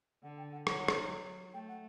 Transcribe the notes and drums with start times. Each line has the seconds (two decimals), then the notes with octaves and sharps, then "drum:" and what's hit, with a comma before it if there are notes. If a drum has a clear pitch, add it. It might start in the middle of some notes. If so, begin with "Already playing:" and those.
0.23 D3 F#5
0.37 G5
0.52 F#5
0.67 F#3 F#5, drum: rim click
0.88 drum: rim click
1.53 A3 G5
1.68 F#5